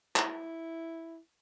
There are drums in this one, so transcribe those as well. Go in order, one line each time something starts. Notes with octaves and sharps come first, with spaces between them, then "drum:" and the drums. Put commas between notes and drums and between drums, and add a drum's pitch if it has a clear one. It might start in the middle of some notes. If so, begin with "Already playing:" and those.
E4, drum: clap